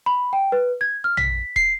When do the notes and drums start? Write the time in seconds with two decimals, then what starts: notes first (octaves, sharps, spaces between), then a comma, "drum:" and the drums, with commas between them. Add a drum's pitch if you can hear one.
0.06 B5
0.33 G5
0.52 B4
0.81 G#6
1.04 F6
1.17 B6, drum: tom
1.56 C7, drum: kick E1